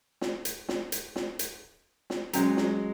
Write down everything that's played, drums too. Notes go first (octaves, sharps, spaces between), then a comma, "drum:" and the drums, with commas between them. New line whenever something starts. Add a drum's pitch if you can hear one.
drum: snare
drum: hi-hat
drum: snare
drum: hi-hat
drum: snare
drum: hi-hat
drum: snare
F#3 G#3 C#4 A#5, drum: hi-hat
drum: snare